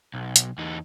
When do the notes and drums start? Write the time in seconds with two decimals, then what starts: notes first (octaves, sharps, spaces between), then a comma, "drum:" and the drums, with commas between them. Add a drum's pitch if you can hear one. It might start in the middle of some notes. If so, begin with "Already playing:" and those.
0.14 B1
0.36 drum: hi-hat
0.58 E2 D#4